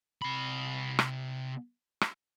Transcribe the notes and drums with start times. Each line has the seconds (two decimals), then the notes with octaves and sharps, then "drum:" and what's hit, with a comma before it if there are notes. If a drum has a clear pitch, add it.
0.22 C3 B5
0.99 drum: rim click
2.01 drum: rim click